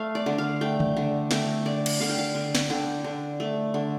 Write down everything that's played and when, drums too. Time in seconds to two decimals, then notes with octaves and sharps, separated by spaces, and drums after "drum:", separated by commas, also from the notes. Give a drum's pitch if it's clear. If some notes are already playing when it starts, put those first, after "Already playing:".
Already playing: A3 F5
0.15 D5
0.26 D3
0.38 F5
0.61 A3 G5
0.80 drum: tom C#3
0.97 D3
1.31 A3 G5, drum: snare
1.66 D3 D5
1.86 drum: cymbal
2.00 D3 F5
2.10 G5
2.18 F5
2.35 D3
2.55 drum: snare
2.70 D3 G5
3.04 D3
3.40 A3
3.74 D3